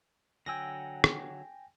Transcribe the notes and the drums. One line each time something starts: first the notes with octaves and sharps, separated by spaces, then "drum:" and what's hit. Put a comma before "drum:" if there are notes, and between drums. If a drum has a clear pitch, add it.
D3 F#3 G5 G#5 E6 A#6
drum: rim click